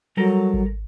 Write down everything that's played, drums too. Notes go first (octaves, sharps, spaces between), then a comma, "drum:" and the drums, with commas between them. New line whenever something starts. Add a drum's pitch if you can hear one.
F#3 G3 A4 A#4
drum: kick G#1